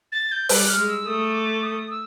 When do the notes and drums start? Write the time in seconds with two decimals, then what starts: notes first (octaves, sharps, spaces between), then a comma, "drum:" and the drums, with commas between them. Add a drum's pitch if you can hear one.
0.12 A6
0.31 G6
0.49 G3 F#6, drum: open hi-hat
0.68 F6
0.78 G#3
0.88 E6
1.06 A3 D#6
1.34 D6
1.63 D#6
1.90 E6